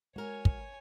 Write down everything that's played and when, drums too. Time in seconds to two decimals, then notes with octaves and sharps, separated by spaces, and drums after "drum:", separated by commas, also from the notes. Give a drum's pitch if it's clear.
0.16 G#3 F#4 A#4 C#5 G#5
0.45 drum: kick